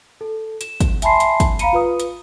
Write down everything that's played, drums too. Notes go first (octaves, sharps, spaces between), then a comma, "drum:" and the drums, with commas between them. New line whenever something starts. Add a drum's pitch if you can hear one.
A4
E7, drum: hi-hat
drum: kick, hi-hat
E5 G#5 A5 B5 C6 C7, drum: hi-hat
drum: hi-hat
drum: kick, hi-hat
F5 A#5 B5 C#7 D#7, drum: hi-hat
F4 B4 D#6
drum: hi-hat